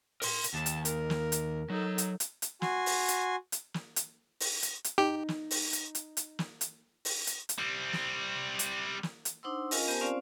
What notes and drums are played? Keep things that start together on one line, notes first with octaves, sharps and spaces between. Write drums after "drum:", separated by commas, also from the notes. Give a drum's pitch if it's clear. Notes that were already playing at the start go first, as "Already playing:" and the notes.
A#4 C6, drum: open hi-hat
drum: hi-hat
D#2 A5
drum: hi-hat
A#4, drum: hi-hat
drum: snare
drum: hi-hat
F#3 D#4 A4
drum: hi-hat
drum: hi-hat
drum: hi-hat
F#4 G#5 C6, drum: snare
drum: open hi-hat
drum: hi-hat
drum: hi-hat
drum: snare
drum: hi-hat
drum: open hi-hat
drum: hi-hat
drum: hi-hat
D#4 G4
drum: snare
drum: open hi-hat
drum: hi-hat
drum: hi-hat
drum: hi-hat
drum: snare
drum: hi-hat
drum: open hi-hat
drum: hi-hat
drum: hi-hat
G3 C4
drum: snare
drum: hi-hat
drum: snare
drum: hi-hat
D4 D#4 C5 F#5 C6 E6
C#4 F4 A#4 D#5 F5 G#5, drum: open hi-hat
B3 G4 A#4 C5 G#5 A5
C4 C#4 F4 C5 D5 F5